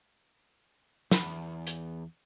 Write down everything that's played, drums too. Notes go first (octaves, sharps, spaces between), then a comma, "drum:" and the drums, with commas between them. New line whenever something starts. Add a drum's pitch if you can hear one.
E2 B5, drum: snare
drum: hi-hat